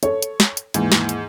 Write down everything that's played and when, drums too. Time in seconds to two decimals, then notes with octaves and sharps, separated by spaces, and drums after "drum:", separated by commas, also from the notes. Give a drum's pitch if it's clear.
0.03 A4 C#5, drum: hi-hat
0.22 drum: hi-hat
0.40 drum: snare
0.57 drum: hi-hat
0.74 D#2 G#2 E3, drum: hi-hat
0.92 drum: snare
1.09 drum: hi-hat